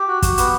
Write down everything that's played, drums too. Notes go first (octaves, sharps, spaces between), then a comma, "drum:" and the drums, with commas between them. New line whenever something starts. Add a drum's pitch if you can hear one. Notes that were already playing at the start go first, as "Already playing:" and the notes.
Already playing: G4
F#4
F#4, drum: kick, hi-hat
B3, drum: hi-hat